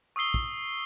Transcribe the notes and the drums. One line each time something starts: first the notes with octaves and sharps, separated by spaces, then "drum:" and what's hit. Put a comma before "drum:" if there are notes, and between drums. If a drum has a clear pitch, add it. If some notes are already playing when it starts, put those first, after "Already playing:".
C#6 D#6 E6 C7 G7
drum: kick